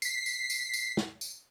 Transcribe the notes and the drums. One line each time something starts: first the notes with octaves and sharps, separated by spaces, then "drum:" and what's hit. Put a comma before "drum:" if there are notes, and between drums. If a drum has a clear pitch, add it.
B6 C7, drum: tambourine
drum: tambourine
drum: tambourine
drum: tambourine
drum: snare
drum: tambourine